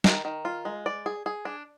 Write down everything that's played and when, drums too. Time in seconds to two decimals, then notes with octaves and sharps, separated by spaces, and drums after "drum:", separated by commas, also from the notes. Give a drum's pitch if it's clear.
0.04 D#3, drum: snare
0.25 D#3
0.45 F4
0.65 G#3
0.86 D5
1.06 G#4
1.26 G#4
1.45 D4